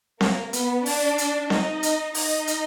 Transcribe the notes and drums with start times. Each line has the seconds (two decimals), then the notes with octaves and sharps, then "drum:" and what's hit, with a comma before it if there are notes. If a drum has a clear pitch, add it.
0.21 A#3 A#4, drum: snare C4
0.53 B3 B4, drum: hi-hat
0.86 D4 D5, drum: open hi-hat
1.18 drum: hi-hat
1.50 D#4 D#5, drum: snare C4
1.83 drum: hi-hat
2.14 D#4 D#5, drum: open hi-hat
2.47 drum: hi-hat